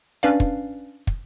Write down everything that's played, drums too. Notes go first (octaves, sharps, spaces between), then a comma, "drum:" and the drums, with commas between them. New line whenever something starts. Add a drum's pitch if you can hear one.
C#4 D4 B4 D5 F5
drum: kick
drum: kick